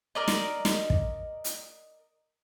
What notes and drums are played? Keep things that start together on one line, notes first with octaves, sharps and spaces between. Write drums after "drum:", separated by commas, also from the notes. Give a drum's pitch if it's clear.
A#4 D5 D#5
drum: snare
drum: snare
drum: kick
drum: hi-hat